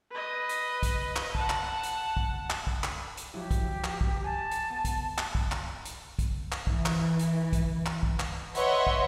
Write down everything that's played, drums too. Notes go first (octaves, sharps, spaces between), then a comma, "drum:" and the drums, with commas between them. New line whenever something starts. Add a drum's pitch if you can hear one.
B4 D#5
drum: hi-hat
drum: kick, hi-hat
drum: clap
F#5 A5, drum: kick
drum: clap
drum: hi-hat
drum: kick
drum: clap
drum: kick
drum: clap
drum: hi-hat
F3 F#3 E4 G4
drum: kick, hi-hat
drum: clap
drum: kick
G#5 A5
drum: hi-hat
B3
drum: kick, hi-hat
drum: clap
drum: kick
drum: clap
drum: hi-hat
drum: kick, hi-hat
drum: clap
E3, drum: kick
drum: clap
drum: hi-hat
drum: kick, hi-hat
drum: clap
drum: kick
drum: clap
B4 C#5 D#5 E5 F#5 C6, drum: hi-hat
drum: kick